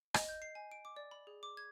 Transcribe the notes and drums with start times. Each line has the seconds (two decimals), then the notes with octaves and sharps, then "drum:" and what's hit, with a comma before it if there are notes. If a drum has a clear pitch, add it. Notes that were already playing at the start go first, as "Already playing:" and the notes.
0.14 D#5, drum: rim click
0.29 G6
0.42 C7
0.55 G#5
0.72 D7
0.85 D6
0.97 D5
1.11 B5
1.27 G#4
1.43 D6
1.57 G#6